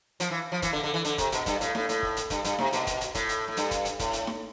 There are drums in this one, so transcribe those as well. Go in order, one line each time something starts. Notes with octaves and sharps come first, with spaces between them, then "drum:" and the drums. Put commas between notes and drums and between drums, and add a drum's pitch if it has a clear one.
F3, drum: hi-hat
E3
F3
E3, drum: kick, hi-hat
D3
D3
E3
D3, drum: hi-hat
C3, drum: kick, hi-hat
B2, drum: hi-hat
G2, drum: kick, hi-hat
A2, drum: hi-hat
A2, drum: snare D#4
A2, drum: hi-hat
drum: kick
drum: hi-hat
G2, drum: kick, hi-hat
G2, drum: hi-hat
C3, drum: snare D#4
B2, drum: hi-hat
drum: kick, hi-hat
drum: hi-hat
A2, drum: kick, hi-hat
drum: hi-hat
A2
G2, drum: hi-hat
drum: kick, hi-hat
drum: hi-hat
A2, drum: kick, hi-hat
drum: hi-hat
drum: snare D#4